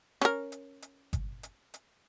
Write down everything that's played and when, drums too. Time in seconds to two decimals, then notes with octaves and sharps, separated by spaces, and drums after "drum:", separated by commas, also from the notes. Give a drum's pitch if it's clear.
0.21 C#4 A#4, drum: rim click
0.52 drum: hi-hat
0.82 drum: hi-hat
1.13 drum: kick G1, hi-hat
1.43 drum: hi-hat
1.74 drum: hi-hat